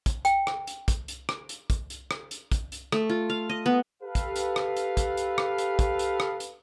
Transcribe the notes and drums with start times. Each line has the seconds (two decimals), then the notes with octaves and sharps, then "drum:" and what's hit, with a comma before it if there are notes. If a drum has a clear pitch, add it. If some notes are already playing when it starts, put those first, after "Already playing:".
0.06 drum: kick, hi-hat
0.25 G5, drum: hi-hat
0.47 drum: rim click
0.67 drum: hi-hat
0.88 drum: kick, hi-hat
1.08 drum: hi-hat
1.29 drum: rim click
1.49 drum: hi-hat
1.70 drum: kick, hi-hat
1.90 drum: hi-hat
2.11 drum: rim click
2.31 drum: hi-hat
2.52 drum: kick, hi-hat
2.72 drum: hi-hat
2.92 A3, drum: rim click
3.09 F4
3.30 F5
3.50 D#5
3.66 B3
4.03 G4 A4 B4 F5
4.15 drum: kick, hi-hat
4.36 drum: hi-hat
4.56 drum: rim click
4.77 drum: hi-hat
4.97 drum: kick, hi-hat
5.17 drum: hi-hat
5.38 drum: rim click
5.58 drum: hi-hat
5.79 drum: kick, hi-hat
5.99 drum: hi-hat
6.20 drum: rim click
6.40 drum: hi-hat